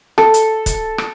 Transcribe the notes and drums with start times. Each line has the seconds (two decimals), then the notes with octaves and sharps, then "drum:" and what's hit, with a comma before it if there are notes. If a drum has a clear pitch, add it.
0.18 A4, drum: rim click
0.34 drum: hi-hat
0.66 drum: kick, hi-hat
0.98 drum: rim click